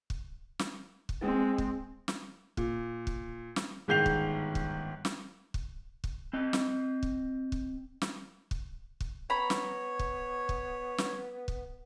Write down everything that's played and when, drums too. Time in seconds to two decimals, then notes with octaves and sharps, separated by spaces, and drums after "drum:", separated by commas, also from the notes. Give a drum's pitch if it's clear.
0.10 drum: kick
0.59 drum: snare
1.09 drum: kick
1.21 G#3 C4
1.58 drum: kick
2.08 drum: snare
2.57 A#2, drum: kick
3.07 drum: kick
3.56 drum: snare
3.88 G1 G#2 D#3 G6 C7 F7
4.06 drum: kick
4.55 drum: kick
5.05 drum: snare
5.54 drum: kick
6.04 drum: kick
6.33 C4 D#5
6.53 drum: snare
7.03 drum: kick
7.52 drum: kick
8.02 drum: snare
8.51 drum: kick
9.00 drum: kick
9.30 B3 C#5 A#5 B5
9.50 drum: snare
9.99 drum: kick
10.49 drum: kick
10.98 drum: snare
11.48 drum: kick